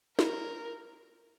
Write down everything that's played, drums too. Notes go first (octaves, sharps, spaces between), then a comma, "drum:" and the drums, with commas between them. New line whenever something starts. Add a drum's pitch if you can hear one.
A#4, drum: snare